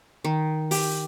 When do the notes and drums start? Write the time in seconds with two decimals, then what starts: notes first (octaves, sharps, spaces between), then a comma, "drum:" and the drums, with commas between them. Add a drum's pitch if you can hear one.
0.24 D#3
0.71 G4, drum: open hi-hat